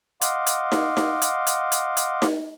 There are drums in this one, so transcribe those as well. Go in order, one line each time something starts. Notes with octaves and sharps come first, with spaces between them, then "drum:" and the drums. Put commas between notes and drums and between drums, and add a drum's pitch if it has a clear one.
D#5 F5 F#5 C6 D6, drum: hi-hat
drum: hi-hat
drum: snare D#4
drum: snare D#4
drum: hi-hat
drum: hi-hat
drum: hi-hat
drum: hi-hat
drum: snare D#4